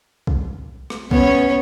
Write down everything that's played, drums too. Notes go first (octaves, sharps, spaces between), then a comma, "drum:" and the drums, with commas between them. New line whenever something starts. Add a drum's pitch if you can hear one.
drum: kick B1
drum: rim click
B3 C#4 C#5, drum: kick B1